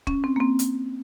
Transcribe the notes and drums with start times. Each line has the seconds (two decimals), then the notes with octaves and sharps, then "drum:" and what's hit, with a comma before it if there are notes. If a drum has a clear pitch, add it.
0.07 C#4, drum: kick
0.24 C4
0.36 A#3
0.40 C4
0.59 drum: hi-hat